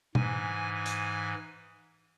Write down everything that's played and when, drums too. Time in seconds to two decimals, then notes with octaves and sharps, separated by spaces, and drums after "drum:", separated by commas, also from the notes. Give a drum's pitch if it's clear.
0.15 G#2 E3 G#5, drum: tom
0.75 G#5
0.86 drum: hi-hat